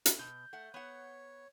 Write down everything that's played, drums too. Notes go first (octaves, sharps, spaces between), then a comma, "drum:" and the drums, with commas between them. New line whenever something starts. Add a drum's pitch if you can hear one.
drum: hi-hat
B2 G6
A3 F#5
B3 C#5 F#5